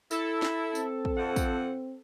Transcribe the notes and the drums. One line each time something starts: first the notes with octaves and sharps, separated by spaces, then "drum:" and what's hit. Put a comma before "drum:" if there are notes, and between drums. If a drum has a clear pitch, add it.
E4 A4, drum: tambourine
drum: snare
C4, drum: tambourine
drum: kick
F2 F#5
drum: kick, tambourine